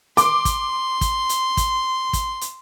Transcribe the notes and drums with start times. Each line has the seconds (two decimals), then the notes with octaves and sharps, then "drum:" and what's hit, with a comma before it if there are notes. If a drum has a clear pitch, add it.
0.17 C6 D6, drum: hi-hat
0.45 drum: kick, hi-hat
1.01 drum: kick, hi-hat
1.29 drum: hi-hat
1.57 drum: kick, hi-hat
2.13 drum: kick, hi-hat
2.41 drum: hi-hat